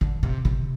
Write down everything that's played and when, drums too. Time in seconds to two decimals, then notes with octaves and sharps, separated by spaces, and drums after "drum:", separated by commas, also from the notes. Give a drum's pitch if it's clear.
0.01 D3, drum: kick
0.23 C3
0.45 C3, drum: kick